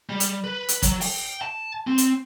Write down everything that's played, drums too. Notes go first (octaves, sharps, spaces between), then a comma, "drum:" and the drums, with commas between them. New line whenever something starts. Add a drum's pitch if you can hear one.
G3
drum: hi-hat
B4
drum: hi-hat
F#3, drum: kick, hi-hat
G5, drum: open hi-hat
G5
A5
C4
drum: hi-hat